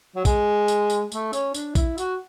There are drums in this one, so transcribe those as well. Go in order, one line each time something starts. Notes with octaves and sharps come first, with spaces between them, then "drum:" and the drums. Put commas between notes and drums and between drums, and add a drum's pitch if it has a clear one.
F#3
G#3, drum: kick A#1, tambourine
drum: tambourine
drum: tambourine
A3, drum: tambourine
C#4, drum: tambourine
D4, drum: tambourine
E4, drum: kick A#1, tambourine
F#4, drum: tambourine